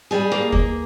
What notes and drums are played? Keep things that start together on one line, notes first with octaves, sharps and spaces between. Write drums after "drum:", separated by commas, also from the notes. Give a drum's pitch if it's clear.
G3 G#4
A#3
A#3, drum: kick D#2